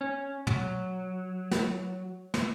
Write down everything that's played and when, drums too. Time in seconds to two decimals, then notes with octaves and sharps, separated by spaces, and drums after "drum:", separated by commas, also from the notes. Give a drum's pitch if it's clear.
0.01 C#4
0.47 F#3, drum: tom
1.51 drum: snare
2.34 drum: snare